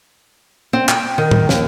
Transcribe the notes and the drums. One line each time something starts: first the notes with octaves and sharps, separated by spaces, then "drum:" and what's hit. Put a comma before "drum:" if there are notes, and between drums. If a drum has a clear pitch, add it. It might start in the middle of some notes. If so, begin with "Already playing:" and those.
C4
G5, drum: clap
D#3
drum: tom
D#2, drum: snare